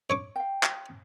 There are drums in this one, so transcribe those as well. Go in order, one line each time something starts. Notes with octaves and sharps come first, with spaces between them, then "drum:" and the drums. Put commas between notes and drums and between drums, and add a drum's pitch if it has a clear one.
C#5 C#6 D6
F5 G5
drum: clap